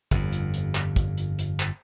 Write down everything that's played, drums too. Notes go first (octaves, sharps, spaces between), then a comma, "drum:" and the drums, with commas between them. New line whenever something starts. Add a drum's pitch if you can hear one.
G1 F2, drum: kick, hi-hat
drum: hi-hat
drum: hi-hat
drum: clap
drum: kick, hi-hat
drum: hi-hat
drum: hi-hat
drum: clap